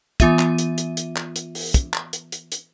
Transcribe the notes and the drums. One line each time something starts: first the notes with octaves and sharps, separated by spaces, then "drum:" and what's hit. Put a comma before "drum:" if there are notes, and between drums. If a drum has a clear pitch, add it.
E3 B3 F4 E5 D#7, drum: kick, hi-hat
drum: clap
drum: hi-hat
drum: hi-hat
drum: hi-hat
drum: clap
drum: hi-hat
drum: open hi-hat
drum: kick, hi-hat
drum: clap
drum: hi-hat
drum: hi-hat
drum: hi-hat